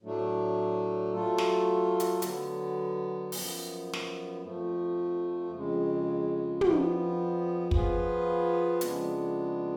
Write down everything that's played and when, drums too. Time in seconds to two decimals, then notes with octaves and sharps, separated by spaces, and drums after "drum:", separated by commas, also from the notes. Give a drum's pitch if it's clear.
0.02 A2 F#3 A3 D4
1.12 F#3 A3 F4 A4
1.38 drum: snare
2.00 drum: hi-hat
2.22 D3 F#3 B3, drum: hi-hat
3.32 F#2 F3 B3, drum: open hi-hat
3.93 drum: snare
4.41 F2 F3 A3
5.52 F2 C#3 G#3
6.61 F2 F3 B3, drum: tom
7.71 F3 B3 F4 G#4 B4, drum: kick
8.81 F2 C#3 G#3 B3 D4, drum: hi-hat